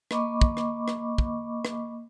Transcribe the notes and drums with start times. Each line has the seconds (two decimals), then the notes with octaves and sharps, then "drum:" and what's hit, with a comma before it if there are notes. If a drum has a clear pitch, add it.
0.11 A#3 D#5 B5 C#6 D6, drum: rim click
0.41 drum: kick
0.57 drum: rim click
0.88 drum: rim click
1.18 drum: kick
1.65 drum: rim click